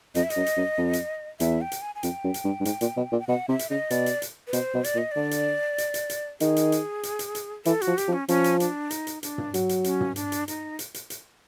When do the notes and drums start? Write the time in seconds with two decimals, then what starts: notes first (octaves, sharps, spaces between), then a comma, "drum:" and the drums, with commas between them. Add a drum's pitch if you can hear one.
0.15 F2 D#5, drum: hi-hat
0.23 E5
0.30 D#5, drum: hi-hat
0.36 F#2
0.46 drum: hi-hat
0.57 F#2
0.78 F2
0.93 drum: hi-hat
1.40 E2 E5, drum: hi-hat
1.61 G5
1.72 drum: hi-hat
1.82 G#5
1.95 G#5
2.03 F2 G5, drum: hi-hat
2.24 F#2
2.34 drum: hi-hat
2.45 G2
2.60 G2
2.65 G#2, drum: hi-hat
2.81 A#2, drum: hi-hat
2.97 B2
3.12 A#2
3.19 G5
3.28 B2 F#5
3.48 C3 E5
3.59 drum: hi-hat
3.70 C#3 D#5
3.90 B2 D5, drum: hi-hat
4.06 drum: hi-hat
4.22 drum: hi-hat
4.47 B4
4.53 B2 C5, drum: hi-hat
4.74 B2
4.84 D5, drum: hi-hat
4.95 A#2
4.98 D#5
5.11 D3 D5
5.31 drum: hi-hat
5.78 drum: hi-hat
5.94 drum: hi-hat
6.10 drum: hi-hat
6.40 D#3 G#4, drum: hi-hat
6.56 drum: hi-hat
6.72 drum: hi-hat
7.03 drum: hi-hat
7.19 drum: hi-hat
7.35 drum: hi-hat
7.65 E3 A4, drum: hi-hat
7.82 F#4, drum: hi-hat
7.87 F3
7.98 G4, drum: hi-hat
8.08 F3
8.13 C#4
8.28 F3 C#4, drum: hi-hat
8.44 drum: hi-hat
8.60 D4, drum: hi-hat
8.90 D#4, drum: hi-hat
9.07 drum: hi-hat
9.23 D4, drum: hi-hat
9.38 drum: tom
9.54 F#3, drum: hi-hat
9.69 drum: hi-hat
9.84 C#4, drum: hi-hat
10.01 drum: tom
10.16 D4, drum: hi-hat
10.32 drum: hi-hat
10.48 D#4, drum: hi-hat
10.79 drum: hi-hat
10.94 drum: hi-hat
11.10 drum: hi-hat